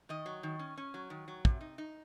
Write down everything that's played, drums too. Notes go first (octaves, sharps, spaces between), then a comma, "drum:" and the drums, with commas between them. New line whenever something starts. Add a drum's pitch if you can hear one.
D#3 D#5
F#3
D#3
C#4
C#4
F#3
D#3
F#3
C3, drum: kick
D#4
D#4